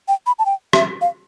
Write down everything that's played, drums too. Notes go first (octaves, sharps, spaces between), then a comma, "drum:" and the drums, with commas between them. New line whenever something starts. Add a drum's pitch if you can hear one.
G5
B5
A5
G5
E5, drum: rim click
F5